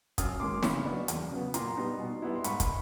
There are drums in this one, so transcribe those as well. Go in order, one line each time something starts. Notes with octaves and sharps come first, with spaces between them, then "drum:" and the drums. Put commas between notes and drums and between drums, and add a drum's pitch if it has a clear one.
F#2 D#6 F6, drum: kick, hi-hat
D#3 G#3 C#4 C6 D6
C#3 B5 C#6, drum: snare
F#3 B3 D4
E2, drum: hi-hat
C#3 F#3 B3
A#2 A#5 C6, drum: hi-hat
G3 B3 D#4
B2
G3 B3 E4
C6
G#2 B5 C#6, drum: hi-hat
drum: kick, hi-hat